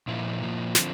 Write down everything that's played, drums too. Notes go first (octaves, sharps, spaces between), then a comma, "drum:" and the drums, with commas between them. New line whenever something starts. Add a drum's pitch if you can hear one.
A#2 F3 A#3 E4
A#2 F3 A#3
D3 F3 C4, drum: snare